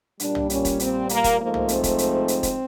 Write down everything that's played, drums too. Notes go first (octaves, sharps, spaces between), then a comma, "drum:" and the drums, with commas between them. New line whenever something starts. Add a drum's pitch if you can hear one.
A#2 G3 D4, drum: hi-hat
drum: tom
C#4, drum: hi-hat
drum: kick E1, hi-hat
C4, drum: hi-hat
A#3, drum: hi-hat
drum: kick E1, hi-hat
G#2 F3 A3 A#3
drum: tom
C4, drum: hi-hat
drum: kick E1, hi-hat
drum: hi-hat
drum: hi-hat
drum: kick E1, hi-hat